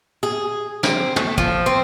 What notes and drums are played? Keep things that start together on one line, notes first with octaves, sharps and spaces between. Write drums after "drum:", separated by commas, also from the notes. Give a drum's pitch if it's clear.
G#4
C4, drum: snare
A3, drum: tom
F3, drum: kick
C4